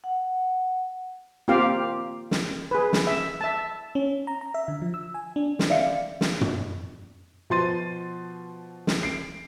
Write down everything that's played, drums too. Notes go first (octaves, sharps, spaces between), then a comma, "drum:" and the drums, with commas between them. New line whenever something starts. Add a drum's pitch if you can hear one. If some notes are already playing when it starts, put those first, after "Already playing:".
F#5
A#3 C4 F4 G4 F5
drum: snare
G#4 B4
drum: snare
E5
E5 A5
C#4
A#5
A#5
E5
D3
F3
E6
G#5
D4
drum: snare
D5 E5 F5 C#7
drum: snare
drum: tom
B2 F3 C6 A6 D#7
drum: snare
C7 D7